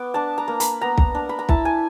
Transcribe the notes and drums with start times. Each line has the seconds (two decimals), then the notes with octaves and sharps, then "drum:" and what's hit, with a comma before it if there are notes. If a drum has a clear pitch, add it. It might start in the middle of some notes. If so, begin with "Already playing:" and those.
Already playing: B3 D6
0.14 D4 A5
0.38 A#5
0.48 A#3
0.60 B5, drum: hi-hat
0.81 B3 A#5
0.98 drum: kick
1.15 D4
1.29 B5
1.39 A#5
1.49 E4 A5, drum: kick
1.65 G#5